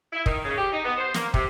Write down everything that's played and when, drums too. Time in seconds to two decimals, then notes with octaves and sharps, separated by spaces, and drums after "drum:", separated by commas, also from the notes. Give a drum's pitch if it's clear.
0.13 E4
0.26 D#3, drum: kick
0.45 C#3
0.58 G4
0.72 D#4
0.85 B3
0.97 C5
1.14 A#3, drum: snare
1.34 C3, drum: kick